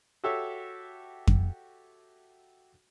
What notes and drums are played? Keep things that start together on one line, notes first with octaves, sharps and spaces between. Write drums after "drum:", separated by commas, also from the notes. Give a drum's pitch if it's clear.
F#4 G4 A4 C#5 E5
drum: kick F2